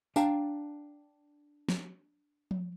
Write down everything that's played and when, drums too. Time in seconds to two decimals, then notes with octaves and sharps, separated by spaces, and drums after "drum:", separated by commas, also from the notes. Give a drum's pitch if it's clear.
0.16 D4 F5 G5 A5 A#5, drum: tambourine
1.69 drum: snare
2.51 drum: tom F3